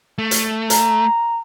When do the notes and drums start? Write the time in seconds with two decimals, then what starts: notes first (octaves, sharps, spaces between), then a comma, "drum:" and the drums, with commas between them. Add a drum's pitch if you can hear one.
0.18 A3
0.31 drum: hi-hat
0.70 A#5, drum: hi-hat